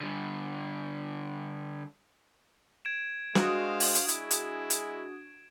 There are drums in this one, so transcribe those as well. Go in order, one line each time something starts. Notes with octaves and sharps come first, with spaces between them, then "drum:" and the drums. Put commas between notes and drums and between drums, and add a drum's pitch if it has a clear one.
D3 G3
G#6 D7 E7
G#3 D4 F#4 C5 F5 D#6, drum: snare
drum: open hi-hat
drum: hi-hat
G#3 E4 G#4, drum: hi-hat
drum: hi-hat
drum: hi-hat